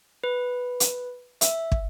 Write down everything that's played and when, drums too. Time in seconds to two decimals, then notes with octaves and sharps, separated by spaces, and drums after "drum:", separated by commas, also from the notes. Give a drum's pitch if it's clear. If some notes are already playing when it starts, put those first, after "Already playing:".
0.24 B4
0.80 drum: hi-hat
1.41 E5, drum: hi-hat
1.72 drum: kick